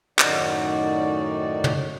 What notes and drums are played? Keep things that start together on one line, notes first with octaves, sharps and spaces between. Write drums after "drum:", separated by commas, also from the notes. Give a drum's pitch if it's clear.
F#2 A2 D#3 D#4 F#4 D5, drum: clap
drum: tom